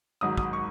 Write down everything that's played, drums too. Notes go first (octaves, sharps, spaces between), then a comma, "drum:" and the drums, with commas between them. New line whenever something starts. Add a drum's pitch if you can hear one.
G#1 G#2 F#3 D#6
D#6, drum: kick
C#6